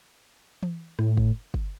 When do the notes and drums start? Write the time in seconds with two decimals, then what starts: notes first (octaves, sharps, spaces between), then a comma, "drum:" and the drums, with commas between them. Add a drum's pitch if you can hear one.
0.63 drum: tom E3
0.99 A2, drum: rim click
1.17 drum: kick G1
1.54 drum: kick G1